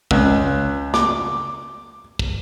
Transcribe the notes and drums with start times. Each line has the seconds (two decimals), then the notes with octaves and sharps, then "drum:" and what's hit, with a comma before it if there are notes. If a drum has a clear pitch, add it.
0.11 C#2, drum: kick
0.94 D6, drum: snare
2.19 drum: kick